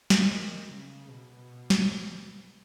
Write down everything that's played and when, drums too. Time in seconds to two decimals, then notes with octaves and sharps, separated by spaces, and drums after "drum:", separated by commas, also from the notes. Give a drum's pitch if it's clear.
0.10 drum: snare
0.26 D#3
0.69 C#3
1.10 B2
1.70 drum: snare